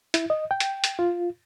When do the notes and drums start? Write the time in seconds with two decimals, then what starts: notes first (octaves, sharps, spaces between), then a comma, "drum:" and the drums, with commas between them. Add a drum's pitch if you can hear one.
0.14 E4, drum: hi-hat
0.30 D#5
0.51 G5
0.60 drum: hi-hat
0.84 drum: hi-hat
0.99 F4